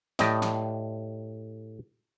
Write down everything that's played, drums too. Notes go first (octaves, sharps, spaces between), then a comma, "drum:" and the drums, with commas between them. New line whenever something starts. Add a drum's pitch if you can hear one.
A2 G4 D5 D#5, drum: snare
drum: snare